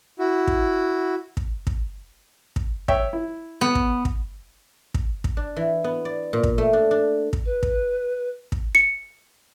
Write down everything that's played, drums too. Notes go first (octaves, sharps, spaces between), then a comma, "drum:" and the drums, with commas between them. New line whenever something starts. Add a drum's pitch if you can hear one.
E4 F#4
drum: kick
drum: kick
drum: kick
drum: kick
C#5 E5 G5, drum: kick
E4
B3
drum: kick
drum: kick
drum: kick
drum: kick
D4
E3
B3
D5
A#2
drum: kick
A3
D4
D4
drum: kick
B4
drum: kick
drum: kick
C#7